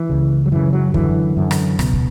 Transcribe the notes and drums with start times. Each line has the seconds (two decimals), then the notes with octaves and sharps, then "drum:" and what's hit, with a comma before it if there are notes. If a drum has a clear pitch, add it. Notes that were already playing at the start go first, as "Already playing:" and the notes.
Already playing: E3
0.09 C#2 C#3
0.46 F#3
0.52 F#2 C#3 E3
0.73 F#3
0.94 F#2 D3 E3, drum: kick
1.37 F#2 D3
1.51 drum: rim click
1.79 C#2 B2, drum: rim click
1.93 drum: kick